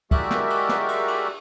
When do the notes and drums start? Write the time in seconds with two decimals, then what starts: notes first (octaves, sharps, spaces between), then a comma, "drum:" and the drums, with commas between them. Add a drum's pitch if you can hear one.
0.11 G#3 F#4 G4 A#4 D5 E5, drum: kick, cymbal
0.31 drum: snare
0.50 drum: cymbal
0.69 drum: snare
0.88 drum: cymbal
1.08 drum: cymbal